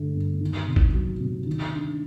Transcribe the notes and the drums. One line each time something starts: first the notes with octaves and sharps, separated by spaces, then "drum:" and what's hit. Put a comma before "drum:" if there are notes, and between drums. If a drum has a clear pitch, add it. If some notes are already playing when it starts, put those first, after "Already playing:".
Already playing: G2 D3 A3
G1
D#3
C3
drum: kick G#1
F#3
C3
D#3
D4